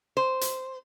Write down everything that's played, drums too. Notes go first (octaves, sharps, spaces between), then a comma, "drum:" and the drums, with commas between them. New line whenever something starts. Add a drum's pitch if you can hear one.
C5
drum: hi-hat